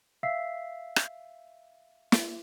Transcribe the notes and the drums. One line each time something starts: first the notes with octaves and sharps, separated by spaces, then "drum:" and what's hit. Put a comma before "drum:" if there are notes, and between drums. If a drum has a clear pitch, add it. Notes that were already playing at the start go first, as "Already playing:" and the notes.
E5 F5 E6 B6 C7
drum: rim click
drum: snare